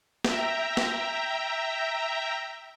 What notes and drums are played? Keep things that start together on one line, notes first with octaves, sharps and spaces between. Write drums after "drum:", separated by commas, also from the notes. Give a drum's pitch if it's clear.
E5 G5 A#5, drum: snare
drum: snare